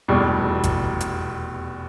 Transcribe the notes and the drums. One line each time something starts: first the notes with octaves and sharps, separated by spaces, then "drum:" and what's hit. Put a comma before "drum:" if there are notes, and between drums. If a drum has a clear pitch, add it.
F1 E2 B2 G3
drum: kick G#1, hi-hat
drum: hi-hat